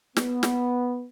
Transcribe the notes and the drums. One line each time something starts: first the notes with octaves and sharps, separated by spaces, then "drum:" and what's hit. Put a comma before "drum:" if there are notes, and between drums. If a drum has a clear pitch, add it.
B3, drum: snare
drum: snare